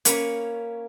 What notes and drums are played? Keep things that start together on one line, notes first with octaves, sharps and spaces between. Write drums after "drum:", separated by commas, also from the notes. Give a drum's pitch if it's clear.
A#3 C#4 B4 C#5, drum: hi-hat